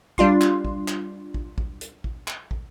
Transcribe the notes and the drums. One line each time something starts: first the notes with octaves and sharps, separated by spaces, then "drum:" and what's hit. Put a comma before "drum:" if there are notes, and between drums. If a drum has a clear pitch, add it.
G3 D4 F4 C6, drum: kick
drum: clap
drum: kick
drum: clap
drum: kick
drum: kick
drum: hi-hat
drum: kick
drum: clap
drum: kick